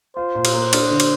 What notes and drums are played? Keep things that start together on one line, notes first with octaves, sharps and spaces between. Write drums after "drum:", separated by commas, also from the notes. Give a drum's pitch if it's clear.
F4 C5
A#2
drum: cymbal
A#3
D4, drum: cymbal
D3
drum: cymbal